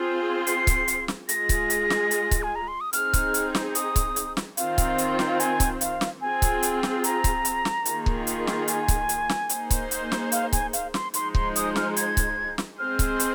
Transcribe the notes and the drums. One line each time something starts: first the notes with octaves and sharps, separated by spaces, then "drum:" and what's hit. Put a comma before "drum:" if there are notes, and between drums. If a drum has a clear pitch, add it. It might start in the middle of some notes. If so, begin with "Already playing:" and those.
Already playing: C4 F4 G#4 C5
C7, drum: hi-hat
drum: kick C#1, hi-hat
drum: hi-hat
drum: snare
G#3 F4 G#4 A#6, drum: hi-hat
drum: kick C#1, hi-hat
drum: hi-hat
drum: snare
drum: hi-hat
drum: kick C#1, hi-hat
G#5
A#5
C6
D#6
C4 D#4 G#4 F6, drum: hi-hat
drum: kick C#1, hi-hat
drum: hi-hat
drum: snare
D#6, drum: hi-hat
drum: kick C#1, hi-hat
drum: hi-hat
drum: snare
D#3 C4 F4 C5 F5, drum: hi-hat
drum: kick C#1, hi-hat
drum: hi-hat
drum: snare
F5
G#5, drum: hi-hat
drum: kick C#1, hi-hat
F5, drum: hi-hat
drum: snare
C4 F4 G#4 G#5
drum: kick C#1, hi-hat
drum: hi-hat
drum: snare
A#5, drum: hi-hat
drum: kick C#1, hi-hat
drum: hi-hat
drum: snare
D#3 A#3 F4 G#4, drum: hi-hat
drum: kick C#1
drum: hi-hat
drum: snare
G#5, drum: hi-hat
drum: kick C#1, hi-hat
drum: hi-hat
drum: snare
A#3 D#4 G#4 C5, drum: hi-hat
drum: kick C#1, hi-hat
drum: hi-hat
drum: snare
F5, drum: hi-hat
G#5, drum: kick C#1, hi-hat
F5, drum: hi-hat
C6, drum: snare
F3 G#3 D#4 C5 C6, drum: hi-hat
C6, drum: kick C#1
D#6, drum: hi-hat
F6, drum: snare
G#6, drum: hi-hat
drum: kick C#1, hi-hat
drum: snare
G#3 C4 G#4 C5 F6
drum: kick C#1, hi-hat
drum: hi-hat